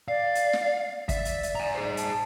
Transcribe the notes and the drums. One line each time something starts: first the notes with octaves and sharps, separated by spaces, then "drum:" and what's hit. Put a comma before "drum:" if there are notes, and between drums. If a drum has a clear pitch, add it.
D5 F5
drum: hi-hat
drum: snare
D5 E5, drum: kick, hi-hat
drum: hi-hat
drum: hi-hat
G#5 A#5
G#4 C5
A5, drum: hi-hat